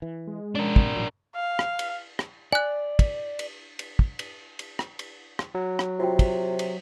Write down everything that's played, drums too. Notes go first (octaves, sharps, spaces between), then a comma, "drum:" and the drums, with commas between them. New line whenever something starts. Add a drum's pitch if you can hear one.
E3
G#3
C#4 D4 A#4
A2 C3, drum: kick
A1 A2 F#3
F5
drum: rim click
drum: cymbal
drum: rim click
D5 G#5 F#6
drum: kick, cymbal
drum: cymbal
drum: cymbal
drum: kick
drum: cymbal
drum: cymbal
drum: rim click
drum: cymbal
drum: rim click
F#3
drum: rim click
C3 F4 F#4 G5
drum: kick, cymbal
drum: cymbal